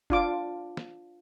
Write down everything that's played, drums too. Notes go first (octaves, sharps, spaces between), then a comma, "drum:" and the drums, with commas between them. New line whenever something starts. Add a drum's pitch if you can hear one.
D4 F4 D6, drum: kick F#1
drum: snare